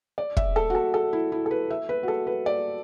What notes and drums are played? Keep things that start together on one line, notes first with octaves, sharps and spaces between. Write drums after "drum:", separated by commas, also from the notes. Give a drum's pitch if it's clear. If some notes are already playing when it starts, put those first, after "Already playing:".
D5
E5, drum: kick
A4
F#4
A4
A4
E4
E4
A4
B4
E5
B4
F#4
A4
B4
D5